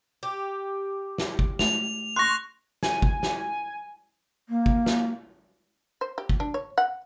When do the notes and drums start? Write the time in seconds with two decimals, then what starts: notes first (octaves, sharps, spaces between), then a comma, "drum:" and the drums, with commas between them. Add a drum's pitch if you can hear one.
0.23 G4
1.18 drum: snare
1.39 drum: kick
1.59 G#3 A3 F7, drum: snare
2.16 C6 C#6 F#6 A#6
2.83 G#5, drum: snare
3.02 drum: kick
3.23 drum: snare
4.49 A#3
4.66 drum: kick
4.86 drum: snare
6.01 C5
6.18 G4
6.29 drum: kick
6.40 D4
6.54 C#5
6.78 F#5